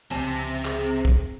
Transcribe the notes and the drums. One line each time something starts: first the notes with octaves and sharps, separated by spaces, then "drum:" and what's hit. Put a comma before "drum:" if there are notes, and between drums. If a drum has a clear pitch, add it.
C#2 C3 F3 C4 G#5 A5
G#4, drum: clap
drum: kick